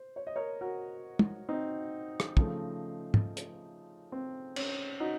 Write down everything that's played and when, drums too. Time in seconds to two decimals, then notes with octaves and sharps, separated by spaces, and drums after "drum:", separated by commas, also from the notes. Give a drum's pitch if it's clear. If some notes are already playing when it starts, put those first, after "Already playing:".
Already playing: C5
0.16 C#5
0.27 D#5
0.36 A#4 C#5
0.61 F#4 A#4
1.19 drum: tom
1.49 C4 D#4
2.20 drum: rim click
2.37 C#3 F3 A3, drum: kick
3.14 drum: tom
3.37 drum: hi-hat
4.12 C4
4.56 C#4, drum: cymbal
5.00 D#4 F#4